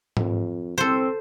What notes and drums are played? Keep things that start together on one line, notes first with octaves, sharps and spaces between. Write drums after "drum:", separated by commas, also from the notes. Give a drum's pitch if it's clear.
F2, drum: tom G#2
C2 C4 A4 C5